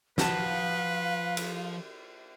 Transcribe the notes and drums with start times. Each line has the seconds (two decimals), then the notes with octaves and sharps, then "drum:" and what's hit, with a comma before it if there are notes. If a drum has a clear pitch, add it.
0.18 F3 F#4 B4 F5 A5, drum: snare
1.37 drum: cymbal